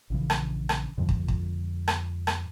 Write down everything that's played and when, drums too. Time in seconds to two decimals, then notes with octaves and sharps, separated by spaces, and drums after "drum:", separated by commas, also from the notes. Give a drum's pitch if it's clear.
0.10 A#1 C#3 E3
0.30 drum: rim click
0.69 drum: rim click
0.98 F2 G#2 D3 F3
1.09 drum: kick
1.28 drum: kick
1.88 drum: rim click
2.27 drum: rim click